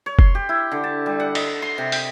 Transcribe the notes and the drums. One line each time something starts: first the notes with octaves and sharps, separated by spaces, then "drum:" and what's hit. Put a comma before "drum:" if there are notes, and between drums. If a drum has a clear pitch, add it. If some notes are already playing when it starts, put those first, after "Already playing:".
C#5
C6, drum: kick F1
G4
E4
D3
A5
G3
F#5
D#5, drum: cymbal
C6
C3
G5, drum: open hi-hat